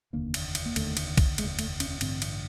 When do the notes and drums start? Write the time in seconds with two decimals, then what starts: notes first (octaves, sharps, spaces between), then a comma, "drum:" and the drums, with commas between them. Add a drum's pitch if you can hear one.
0.13 F1 D#2 D3 A#3
0.34 drum: cymbal
0.55 drum: cymbal
0.66 A#3
0.76 F1 D#2 D3 A3, drum: cymbal
0.97 drum: cymbal
1.18 drum: kick B1, cymbal
1.38 F1 D#2 D3 G#3, drum: cymbal
1.59 A3, drum: cymbal
1.80 C#4, drum: cymbal
1.90 C#4
2.01 A1 G2 D3 C4, drum: cymbal
2.22 drum: cymbal